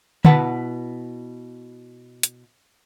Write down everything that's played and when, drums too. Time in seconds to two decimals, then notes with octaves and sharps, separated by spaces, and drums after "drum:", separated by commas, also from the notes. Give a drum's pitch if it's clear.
0.25 B2 E4 B4 F#5 A5, drum: tom D3
2.23 drum: hi-hat